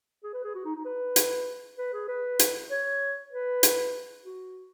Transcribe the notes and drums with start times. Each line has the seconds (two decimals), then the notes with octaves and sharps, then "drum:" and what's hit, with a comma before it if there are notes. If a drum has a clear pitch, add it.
0.24 G#4
0.34 B4
0.44 G#4
0.55 F#4
0.65 D#4
0.75 D#4
0.85 B4
1.16 drum: hi-hat
1.78 B4
1.93 G#4
2.08 B4
2.39 drum: hi-hat
2.71 C#5
3.32 B4
3.63 drum: hi-hat
4.25 F#4